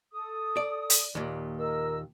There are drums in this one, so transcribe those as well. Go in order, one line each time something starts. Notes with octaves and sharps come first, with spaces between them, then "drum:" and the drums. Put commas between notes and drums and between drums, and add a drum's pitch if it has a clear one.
A4 D#6
D5
drum: hi-hat
D#2 A#2
A#4 D#5 E6